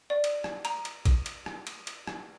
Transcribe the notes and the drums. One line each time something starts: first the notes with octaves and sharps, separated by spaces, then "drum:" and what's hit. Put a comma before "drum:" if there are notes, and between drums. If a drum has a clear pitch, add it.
D5
drum: cymbal
drum: rim click
A#5, drum: cymbal
drum: cymbal
drum: kick, cymbal
drum: cymbal
drum: rim click
drum: cymbal
drum: cymbal
drum: rim click